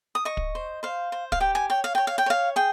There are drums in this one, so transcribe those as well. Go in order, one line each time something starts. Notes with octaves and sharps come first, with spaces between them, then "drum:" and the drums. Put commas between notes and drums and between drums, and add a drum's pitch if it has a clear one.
D#6
D#5 C#6
drum: kick
C5
C5 F5
C5
F5, drum: kick
G4 G5
G#5
C#5 G5
F5
C#5 G5
F5
G5
C#5 F5
G#4 G5